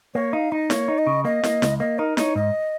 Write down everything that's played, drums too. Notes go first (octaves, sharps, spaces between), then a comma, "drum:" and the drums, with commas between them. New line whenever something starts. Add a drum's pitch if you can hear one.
A#3 C#5
D#4 F5
D#4 D#5
A#3 C#5, drum: snare
D#4
D#5
C#3
A#3 D#5
A#3, drum: snare
C#2, drum: snare
A#3 D#5
D#4 A#4
D#4 C#5, drum: snare
G#2 D#5